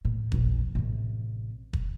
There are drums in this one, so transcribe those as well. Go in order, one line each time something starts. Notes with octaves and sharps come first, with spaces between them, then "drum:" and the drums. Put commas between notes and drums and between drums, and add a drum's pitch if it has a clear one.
A2
A#1 E2, drum: kick
A1 C3
drum: kick